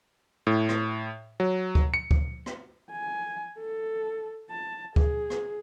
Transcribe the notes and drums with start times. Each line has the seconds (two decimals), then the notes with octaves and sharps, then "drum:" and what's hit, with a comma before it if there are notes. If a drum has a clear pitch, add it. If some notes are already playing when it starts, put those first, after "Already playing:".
0.47 A2
0.69 drum: rim click
1.40 F#3
1.75 drum: kick D2
1.94 C#7
2.11 drum: kick D2
2.46 drum: rim click
2.92 G#5
3.59 A4
4.51 A5
4.96 G#4, drum: kick D2
5.30 drum: rim click